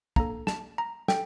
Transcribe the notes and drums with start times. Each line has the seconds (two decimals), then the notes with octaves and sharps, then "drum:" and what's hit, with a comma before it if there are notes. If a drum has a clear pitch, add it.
0.16 A#3 D4 A4 A#5, drum: kick
0.47 A5, drum: snare
0.78 A#5
1.08 A4 G5, drum: snare